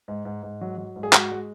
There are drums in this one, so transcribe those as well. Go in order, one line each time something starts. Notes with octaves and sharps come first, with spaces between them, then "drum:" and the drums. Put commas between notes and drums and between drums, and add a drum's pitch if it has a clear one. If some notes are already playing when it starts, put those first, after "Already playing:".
G#2
G#2
G#2
F#3
F#3
G#2
G#4
G#3 F#4, drum: clap
G#3